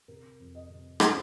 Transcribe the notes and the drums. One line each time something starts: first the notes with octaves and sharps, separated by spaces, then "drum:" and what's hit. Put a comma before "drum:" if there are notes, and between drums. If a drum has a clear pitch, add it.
C3 A#4
F2
D#5
C3
C3 C5, drum: rim click